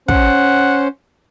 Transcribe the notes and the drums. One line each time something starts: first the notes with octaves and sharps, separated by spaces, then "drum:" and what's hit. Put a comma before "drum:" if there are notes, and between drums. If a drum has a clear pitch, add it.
C#4 C5 F#5, drum: kick